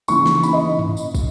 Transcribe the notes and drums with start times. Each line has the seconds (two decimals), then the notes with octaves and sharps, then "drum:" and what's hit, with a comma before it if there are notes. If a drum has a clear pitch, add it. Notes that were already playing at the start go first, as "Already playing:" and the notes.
0.08 C#3 E3 A#3 D#4 C#6, drum: tambourine
0.26 drum: snare
0.43 C#3 E3 A#3 D#4 B5, drum: tambourine
0.53 D#5
0.79 drum: tom G2
0.97 drum: tambourine
1.15 drum: kick, tambourine